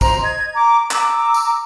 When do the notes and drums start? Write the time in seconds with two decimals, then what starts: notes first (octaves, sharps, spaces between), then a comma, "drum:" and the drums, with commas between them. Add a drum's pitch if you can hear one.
0.01 C5 A#5, drum: kick, tambourine
0.22 D#5 G#6
0.53 A#5 D6
0.91 A#5 D6 E6, drum: clap
1.34 drum: tambourine